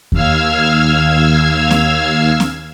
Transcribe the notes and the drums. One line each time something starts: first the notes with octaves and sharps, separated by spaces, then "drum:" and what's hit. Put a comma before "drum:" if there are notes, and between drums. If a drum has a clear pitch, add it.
D#2 F5 E6 F6 G#6, drum: kick E2
drum: snare
drum: snare